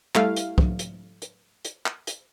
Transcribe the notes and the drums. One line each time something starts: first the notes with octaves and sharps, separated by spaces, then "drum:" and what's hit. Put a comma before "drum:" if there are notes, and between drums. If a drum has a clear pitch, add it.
G3 A3 E4 F5, drum: clap
drum: hi-hat
drum: kick
drum: hi-hat
drum: hi-hat
drum: hi-hat
drum: clap
drum: hi-hat